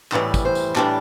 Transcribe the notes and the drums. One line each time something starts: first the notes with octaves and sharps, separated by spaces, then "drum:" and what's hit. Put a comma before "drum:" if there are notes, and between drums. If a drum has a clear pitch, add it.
A2 E3 G3 D5, drum: clap
drum: kick, tambourine
C5
drum: tambourine
A2 E3 G3 D4, drum: clap